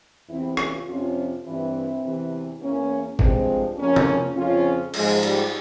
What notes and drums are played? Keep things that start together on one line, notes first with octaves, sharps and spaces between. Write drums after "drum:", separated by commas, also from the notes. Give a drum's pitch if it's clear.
E2 C3 E3 C4 E4
C#4 F4, drum: rim click
F2 C3 F3 C#4 F4
G2 E3 C4 E4
E2 C3 E3
E2 E3 A#3 C#4
G2 F3 G#3 C4, drum: kick A1
F2 C#3 F3 A#3 C#4
drum: tom C3
F2 C#3 F3 C#4 F4
G#2 F3 G#3, drum: cymbal
G3, drum: cymbal